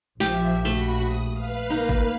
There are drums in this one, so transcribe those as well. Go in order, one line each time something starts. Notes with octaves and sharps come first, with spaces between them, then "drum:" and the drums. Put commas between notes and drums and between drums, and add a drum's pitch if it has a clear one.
A#1 F3 G4 E5, drum: snare
A3 F#4 B5
D#6
B4 F5
A#3 D#4
drum: kick